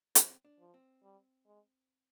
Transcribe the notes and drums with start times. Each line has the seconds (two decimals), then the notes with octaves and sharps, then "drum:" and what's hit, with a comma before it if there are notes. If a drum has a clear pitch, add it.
0.15 F3 C4, drum: hi-hat
0.45 D4
0.59 F3
0.74 C4
1.03 G3
1.46 G#3